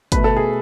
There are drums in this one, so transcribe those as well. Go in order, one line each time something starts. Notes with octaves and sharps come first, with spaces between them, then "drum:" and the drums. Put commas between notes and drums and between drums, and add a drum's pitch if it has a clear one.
B2 A3 B4, drum: kick, hi-hat
A4
G#4